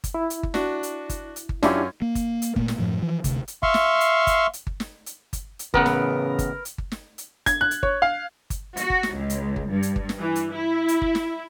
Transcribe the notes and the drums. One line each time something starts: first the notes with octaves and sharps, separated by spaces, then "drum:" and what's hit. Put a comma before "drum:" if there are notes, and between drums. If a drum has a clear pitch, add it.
drum: kick G1, hi-hat
E4
drum: hi-hat
drum: kick G1
D4 F#4, drum: snare
drum: hi-hat
drum: kick G1, hi-hat
drum: hi-hat
drum: kick G1
F#2 C#4 D4 E4 F4 G4, drum: snare
A#3
drum: kick G1, hi-hat
drum: hi-hat
A#2 A3 A#3, drum: kick G1
drum: snare
F#2 A2 F3
E3 F3
D2 C3, drum: kick G1, hi-hat
drum: hi-hat
E5 F5 C6 C#6, drum: kick G1
drum: snare
drum: hi-hat
drum: kick G1, hi-hat
drum: hi-hat
drum: kick G1
drum: snare
drum: hi-hat
drum: kick G1, hi-hat
drum: hi-hat
A1 C#3 B3 A#4 B4 F#5, drum: kick G1
drum: snare
drum: kick G1, hi-hat
drum: hi-hat
drum: kick G1
drum: snare
drum: hi-hat
G#6, drum: kick G1, hi-hat
F#6
drum: hi-hat
C#5, drum: kick G1
F5
drum: kick G1, hi-hat
F#4, drum: hi-hat
drum: kick G1
drum: snare
C#2
drum: hi-hat
drum: kick G1
G2
drum: hi-hat
drum: kick G1
drum: snare
E3
drum: hi-hat
E4
drum: hi-hat
drum: kick G1
drum: snare